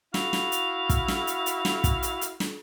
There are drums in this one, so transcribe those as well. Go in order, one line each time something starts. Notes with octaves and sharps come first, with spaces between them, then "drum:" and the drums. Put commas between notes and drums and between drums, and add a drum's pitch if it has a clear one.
E4 F#4 F5, drum: snare
drum: snare
drum: hi-hat
drum: kick, hi-hat
drum: snare
drum: hi-hat
drum: hi-hat
drum: snare
drum: kick, hi-hat
drum: hi-hat
drum: hi-hat
drum: snare